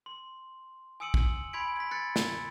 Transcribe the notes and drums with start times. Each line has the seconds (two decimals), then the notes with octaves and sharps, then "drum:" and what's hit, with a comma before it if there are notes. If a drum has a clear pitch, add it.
0.06 C6
1.00 G#5 D#6 E6 C#7 D#7 F#7
1.14 drum: kick
1.53 G#5 B5 C6 G#6 B6 D7
1.76 G#6 B6
1.91 F#6 A6 B6 C#7
2.16 drum: snare